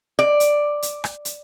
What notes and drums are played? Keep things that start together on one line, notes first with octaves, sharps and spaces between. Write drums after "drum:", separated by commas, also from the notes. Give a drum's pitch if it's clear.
D5
drum: hi-hat
drum: hi-hat
drum: rim click
drum: hi-hat